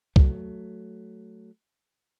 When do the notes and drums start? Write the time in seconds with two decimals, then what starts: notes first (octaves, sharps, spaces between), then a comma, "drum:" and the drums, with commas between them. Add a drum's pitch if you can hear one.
0.16 F#3 A3, drum: kick C2